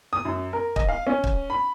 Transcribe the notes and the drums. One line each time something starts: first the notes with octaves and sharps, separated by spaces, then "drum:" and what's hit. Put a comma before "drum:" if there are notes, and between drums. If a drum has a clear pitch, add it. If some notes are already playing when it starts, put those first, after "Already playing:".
D#6
F#2
A#4
D#5, drum: kick
F5
C#4
drum: kick
B5